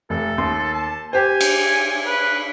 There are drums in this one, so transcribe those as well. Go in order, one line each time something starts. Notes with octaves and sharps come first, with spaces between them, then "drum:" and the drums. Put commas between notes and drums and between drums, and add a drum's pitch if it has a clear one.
F1 A4
D#2 C6
A5
G4 C5 G#5
drum: cymbal
B4